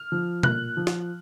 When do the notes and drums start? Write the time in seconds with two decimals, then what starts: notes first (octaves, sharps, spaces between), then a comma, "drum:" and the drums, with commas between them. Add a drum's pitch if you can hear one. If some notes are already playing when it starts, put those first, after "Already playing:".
Already playing: F6
0.12 F3
0.43 A#2 F#6, drum: tom B2
0.77 F3
0.87 drum: snare